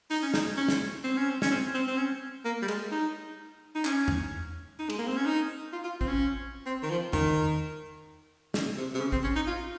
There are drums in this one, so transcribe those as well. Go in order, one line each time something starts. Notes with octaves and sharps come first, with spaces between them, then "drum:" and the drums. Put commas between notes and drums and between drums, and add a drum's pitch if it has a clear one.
D#4, drum: open hi-hat
C#4
D#4, drum: snare
C#4
drum: snare
C4
C#4
C4
C#4, drum: snare
C4
C4
C4
C#4
A#3
G3
G#3, drum: cymbal
D#4
D#4
C#4, drum: clap
drum: tom E2
D#4
G#3, drum: cymbal
A#3
C4
C#4
D#4
F4
F4
C4, drum: kick A1
C#4
C4
D#3
F3
D#3, drum: tom E2
C#3, drum: snare
C3
C3
C#3
C4, drum: kick A1
C#4
D#4
F4